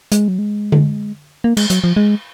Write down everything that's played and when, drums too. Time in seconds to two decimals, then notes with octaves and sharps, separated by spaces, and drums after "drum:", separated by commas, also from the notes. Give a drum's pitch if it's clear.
0.12 G#3, drum: hi-hat
0.28 F#3
0.39 G#3
0.72 drum: tom D3
1.44 A#3
1.57 G#3, drum: cymbal
1.70 F#3, drum: hi-hat
1.84 F3
1.96 G#3